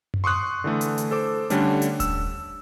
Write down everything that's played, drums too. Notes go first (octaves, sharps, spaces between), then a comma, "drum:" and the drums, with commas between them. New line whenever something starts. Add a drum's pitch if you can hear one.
drum: tom F#2
C6 C#6 D#6 F#6
D3 E3 A3
drum: hi-hat
drum: hi-hat
A4 C5 D6
D3 G3 A3 C#4 D4, drum: hi-hat
drum: hi-hat
E6, drum: kick D#1, hi-hat